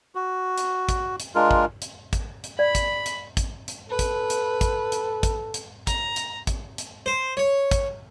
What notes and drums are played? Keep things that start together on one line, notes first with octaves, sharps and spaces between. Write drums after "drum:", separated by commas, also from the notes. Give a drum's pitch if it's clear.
F#4
drum: hi-hat
drum: kick, hi-hat
drum: hi-hat
G#3 D4 F4 A#4
drum: kick
drum: hi-hat
drum: kick, hi-hat
drum: hi-hat
D5 B5
drum: kick, hi-hat
drum: hi-hat
drum: kick, hi-hat
drum: hi-hat
A4 B4
drum: kick, hi-hat
drum: hi-hat
drum: kick, hi-hat
drum: hi-hat
drum: kick, hi-hat
drum: hi-hat
A#5, drum: kick, hi-hat
drum: hi-hat
drum: kick, hi-hat
drum: hi-hat
C5
C#5
drum: kick, hi-hat